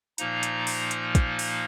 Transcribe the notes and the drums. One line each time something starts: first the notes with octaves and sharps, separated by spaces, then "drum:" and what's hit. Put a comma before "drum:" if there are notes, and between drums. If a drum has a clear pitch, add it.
A#2 F3 A#3 D#4 A#5, drum: hi-hat
drum: hi-hat
drum: open hi-hat
drum: hi-hat
drum: kick, hi-hat
drum: open hi-hat